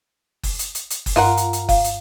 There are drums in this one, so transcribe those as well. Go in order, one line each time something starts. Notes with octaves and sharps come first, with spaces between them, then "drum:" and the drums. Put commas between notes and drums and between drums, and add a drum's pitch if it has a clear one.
drum: kick F#1, open hi-hat
drum: hi-hat
drum: hi-hat
drum: hi-hat
drum: kick F#1, open hi-hat
G2 F4 A#4 F#5
drum: hi-hat
drum: hi-hat
F5, drum: kick F#1, open hi-hat
drum: hi-hat